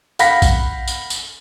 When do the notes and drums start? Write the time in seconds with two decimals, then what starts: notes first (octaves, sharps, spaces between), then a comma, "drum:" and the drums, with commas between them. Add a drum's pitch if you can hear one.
0.19 F5 F#5 B5 A#6 B6, drum: tambourine
0.42 drum: kick A#1, tambourine
0.88 drum: tambourine
1.10 drum: tambourine